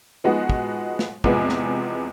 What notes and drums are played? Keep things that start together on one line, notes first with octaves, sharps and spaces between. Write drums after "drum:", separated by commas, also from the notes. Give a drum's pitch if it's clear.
F3 G#3 B3 D#4 F#4
drum: kick
drum: snare
E2 C3 F3 G#3 B3, drum: kick
drum: snare